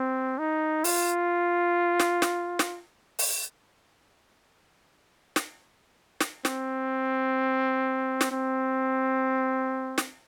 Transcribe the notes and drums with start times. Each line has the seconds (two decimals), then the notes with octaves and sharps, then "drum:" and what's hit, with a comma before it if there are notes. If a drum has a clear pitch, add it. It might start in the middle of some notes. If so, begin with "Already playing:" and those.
Already playing: C4
0.38 D#4
0.84 F4, drum: open hi-hat
2.00 drum: snare
2.22 drum: snare
2.59 drum: snare
3.19 drum: open hi-hat
5.36 drum: snare
6.21 drum: snare
6.45 C4, drum: snare
8.21 drum: snare
8.31 C4
9.98 drum: snare